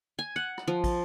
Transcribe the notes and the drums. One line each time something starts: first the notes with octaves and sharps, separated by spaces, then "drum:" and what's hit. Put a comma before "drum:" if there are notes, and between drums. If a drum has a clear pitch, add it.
G#5
F#5
drum: rim click
F3
drum: kick, cymbal